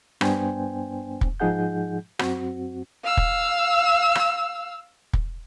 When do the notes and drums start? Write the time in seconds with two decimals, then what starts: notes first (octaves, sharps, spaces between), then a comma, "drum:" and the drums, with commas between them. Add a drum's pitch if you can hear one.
0.21 G2 B3 D4 C5 G5 G#5, drum: rim click
1.21 drum: kick
1.40 G#2 F3 D#4 G#4 F#5 G6
2.19 F#2 C4 F#4, drum: rim click
3.04 F5 E6
3.17 drum: kick
4.15 drum: rim click
5.13 drum: kick